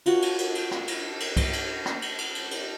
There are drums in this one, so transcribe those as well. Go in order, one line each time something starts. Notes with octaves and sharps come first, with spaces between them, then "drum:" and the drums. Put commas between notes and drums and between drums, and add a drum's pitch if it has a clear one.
F4 F#4, drum: cymbal
drum: cymbal
drum: cymbal
drum: cymbal
drum: rim click
drum: cymbal
drum: cymbal
drum: kick C2, cymbal
drum: cymbal
drum: rim click
drum: cymbal
drum: cymbal
drum: cymbal
drum: cymbal